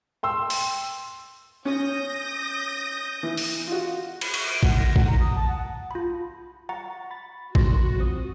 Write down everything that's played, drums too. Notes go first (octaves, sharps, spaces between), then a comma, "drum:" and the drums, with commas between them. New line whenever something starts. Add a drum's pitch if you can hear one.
G5 C6 E6
drum: open hi-hat
C#4 D#6 G6 A#6
E3
drum: open hi-hat
F4 F#4
B5, drum: cymbal
C#6, drum: cymbal
D7
F#5, drum: kick A1
A#6
F#5, drum: kick A1
A#5
D#6
A5
F#5
F4 B5
F#5 A#5 C#6 A6
B5 A6
F#4 C6 A#6, drum: kick A1
F3 C4 D#6